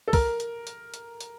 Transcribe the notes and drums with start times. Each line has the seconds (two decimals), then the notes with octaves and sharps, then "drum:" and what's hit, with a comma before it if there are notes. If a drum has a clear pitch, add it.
0.08 A4
0.13 A#4, drum: kick, open hi-hat
0.40 drum: hi-hat
0.67 drum: hi-hat
0.94 drum: hi-hat
1.21 drum: hi-hat